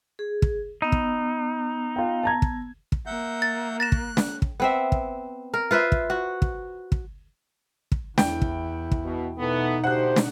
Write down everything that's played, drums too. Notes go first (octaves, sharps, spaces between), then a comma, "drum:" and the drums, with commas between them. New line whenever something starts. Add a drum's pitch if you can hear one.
G#4
drum: kick
B3 D#4 E6
drum: kick
F4 G5
A5 A#5 G#6
drum: kick
drum: kick
A#3 E5 F#5 G6
A6
F#6 A6 A#6 E7
drum: kick
drum: snare
drum: kick
B3 C4 E5
drum: kick
A#4
F4 B4 C5 E5
drum: kick
F#4
drum: kick
drum: kick
drum: kick
E2 E4 G5, drum: snare
drum: kick
drum: kick
B2
B2 E3 A3 B3 D#4
D2 G4 C5 F#5 F#6
drum: snare